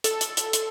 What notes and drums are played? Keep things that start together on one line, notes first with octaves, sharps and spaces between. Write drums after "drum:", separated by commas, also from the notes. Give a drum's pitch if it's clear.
A4, drum: hi-hat
drum: hi-hat
drum: hi-hat
drum: hi-hat